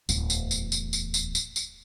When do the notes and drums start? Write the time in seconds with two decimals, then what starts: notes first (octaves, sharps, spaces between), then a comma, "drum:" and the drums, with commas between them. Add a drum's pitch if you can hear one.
0.09 D1 E2, drum: tambourine
0.30 drum: tambourine
0.51 drum: tambourine
0.72 drum: tambourine
0.93 drum: tambourine
1.14 drum: tambourine
1.35 drum: tambourine
1.56 drum: tambourine